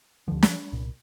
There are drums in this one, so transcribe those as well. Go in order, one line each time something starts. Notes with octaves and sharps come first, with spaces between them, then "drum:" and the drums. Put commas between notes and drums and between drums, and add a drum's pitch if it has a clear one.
D2 D3 F3
drum: snare
C2 A#2